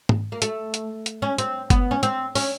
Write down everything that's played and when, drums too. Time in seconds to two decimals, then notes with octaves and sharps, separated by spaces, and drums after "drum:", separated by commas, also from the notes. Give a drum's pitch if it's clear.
0.09 drum: tom
0.32 A#3
0.42 A3, drum: hi-hat
0.74 drum: hi-hat
1.06 drum: hi-hat
1.22 C#4
1.38 C4, drum: hi-hat
1.70 B3, drum: kick G1, hi-hat
1.91 C#4
2.03 C4, drum: hi-hat
2.35 C#4, drum: open hi-hat